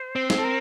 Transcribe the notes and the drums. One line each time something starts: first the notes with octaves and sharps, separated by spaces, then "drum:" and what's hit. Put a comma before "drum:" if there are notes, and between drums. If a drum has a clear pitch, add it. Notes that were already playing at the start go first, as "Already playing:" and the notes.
Already playing: C5
C4
G#4, drum: snare
A4
A#4